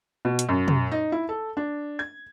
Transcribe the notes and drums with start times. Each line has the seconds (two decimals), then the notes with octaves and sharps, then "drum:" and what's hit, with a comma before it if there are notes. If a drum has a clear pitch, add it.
0.25 B2
0.39 drum: hi-hat
0.49 F#2
0.68 drum: tom
0.91 D#4
1.12 E4
1.29 A4
1.57 D4
1.99 G#6